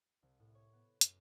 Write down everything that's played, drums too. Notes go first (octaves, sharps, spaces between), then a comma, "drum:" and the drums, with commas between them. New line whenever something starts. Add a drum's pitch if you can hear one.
C2
A2
C#5
B3
F#2, drum: hi-hat